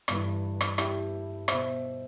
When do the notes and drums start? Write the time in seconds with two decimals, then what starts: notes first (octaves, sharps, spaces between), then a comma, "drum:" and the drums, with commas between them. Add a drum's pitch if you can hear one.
0.08 G1 G2 E3, drum: rim click
0.61 drum: rim click
0.78 E4 G4, drum: rim click
1.48 B2 C5 E5, drum: rim click